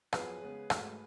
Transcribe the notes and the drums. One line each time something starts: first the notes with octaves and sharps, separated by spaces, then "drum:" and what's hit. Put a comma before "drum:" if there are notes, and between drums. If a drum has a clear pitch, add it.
F#2 F3 B3 G#4 B4, drum: rim click
C#3 G#3 B3
G#2 F#3 A3, drum: rim click